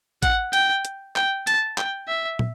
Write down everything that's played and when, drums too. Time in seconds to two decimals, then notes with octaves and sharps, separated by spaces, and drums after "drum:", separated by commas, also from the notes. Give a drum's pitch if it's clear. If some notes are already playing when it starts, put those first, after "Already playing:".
0.23 F#5, drum: kick, hi-hat
0.53 G5, drum: hi-hat
0.85 drum: hi-hat
1.16 G5, drum: clap
1.47 A5, drum: hi-hat
1.78 G5, drum: clap
2.08 E5
2.39 drum: tom